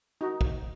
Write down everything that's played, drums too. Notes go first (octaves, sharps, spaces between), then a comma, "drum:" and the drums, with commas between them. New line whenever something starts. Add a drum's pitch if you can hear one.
D#4 F#4
drum: kick